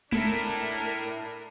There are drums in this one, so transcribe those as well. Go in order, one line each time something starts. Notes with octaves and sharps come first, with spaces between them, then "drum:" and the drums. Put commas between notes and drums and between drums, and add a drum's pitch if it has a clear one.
D4 E4 A4 A#4, drum: tom